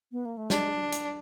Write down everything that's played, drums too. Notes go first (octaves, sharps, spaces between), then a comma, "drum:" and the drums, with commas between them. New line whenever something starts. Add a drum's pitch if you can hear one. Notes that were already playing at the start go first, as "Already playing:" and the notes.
B3
A#3
A3
G#3 D4, drum: snare
drum: hi-hat